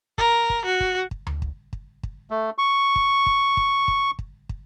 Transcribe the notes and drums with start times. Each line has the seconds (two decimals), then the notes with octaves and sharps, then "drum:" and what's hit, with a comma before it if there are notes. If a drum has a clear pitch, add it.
0.18 A#4, drum: kick
0.50 drum: kick
0.65 F#4
0.80 drum: kick
1.11 drum: kick
1.27 drum: tom D2
1.42 drum: kick
1.73 drum: kick
2.03 drum: kick
2.30 A3
2.58 C#6
2.96 drum: kick
3.26 drum: kick
3.57 drum: kick
3.88 drum: kick
4.19 drum: kick
4.49 drum: kick